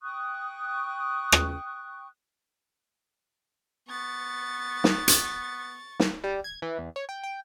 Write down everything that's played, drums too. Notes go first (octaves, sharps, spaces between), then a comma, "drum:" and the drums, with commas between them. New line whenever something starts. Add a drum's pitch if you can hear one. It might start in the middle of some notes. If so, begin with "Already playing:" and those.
G5 C#6 D#6 F#6
drum: rim click
B3 C#6 A6
drum: snare
drum: hi-hat
drum: snare
G3
G#6
E3
E2
C#5
G5
G5